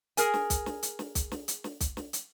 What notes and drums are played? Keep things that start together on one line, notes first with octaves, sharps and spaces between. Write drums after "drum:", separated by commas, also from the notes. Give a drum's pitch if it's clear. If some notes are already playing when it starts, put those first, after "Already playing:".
G#4 A#4 G#5, drum: hi-hat
drum: snare
drum: kick, hi-hat
drum: snare
drum: hi-hat
drum: snare
drum: kick, hi-hat
drum: snare
drum: hi-hat
drum: snare
drum: kick, hi-hat
drum: snare
drum: hi-hat